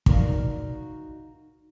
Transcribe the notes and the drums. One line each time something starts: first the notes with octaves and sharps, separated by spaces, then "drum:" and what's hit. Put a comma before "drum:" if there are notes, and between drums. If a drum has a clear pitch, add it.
D#4 F#4 A#4 C5 D5 F5, drum: kick